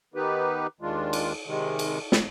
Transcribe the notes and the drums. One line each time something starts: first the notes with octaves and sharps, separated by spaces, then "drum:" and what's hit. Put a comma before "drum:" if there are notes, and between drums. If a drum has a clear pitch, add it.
D#3 B3 D#4 G4 B4
D#2 D#3 G#3 D4 F4
drum: cymbal
C3 D#3 G#3
drum: cymbal
drum: snare